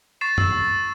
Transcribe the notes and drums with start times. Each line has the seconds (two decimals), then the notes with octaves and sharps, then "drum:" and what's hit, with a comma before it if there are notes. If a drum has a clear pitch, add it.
0.21 C#6 A6 C7 E7
0.38 E6, drum: tom F#2